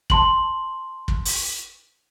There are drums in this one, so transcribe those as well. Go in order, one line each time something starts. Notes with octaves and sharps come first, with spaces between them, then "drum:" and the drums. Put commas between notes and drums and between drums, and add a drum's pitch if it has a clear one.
A5 C6 F#7, drum: kick
drum: kick
drum: open hi-hat